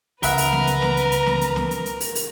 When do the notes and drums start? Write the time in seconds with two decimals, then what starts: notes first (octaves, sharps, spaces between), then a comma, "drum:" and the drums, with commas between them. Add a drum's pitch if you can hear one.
0.23 C#2 A#4 B4 E5 F#5 A#5 B5, drum: open hi-hat
0.38 drum: open hi-hat
0.52 drum: snare
0.67 drum: hi-hat
0.82 drum: snare
0.97 drum: hi-hat
1.12 drum: hi-hat
1.26 drum: snare
1.41 drum: hi-hat
1.56 drum: snare
1.71 drum: hi-hat
1.86 drum: hi-hat
2.00 drum: open hi-hat
2.15 drum: open hi-hat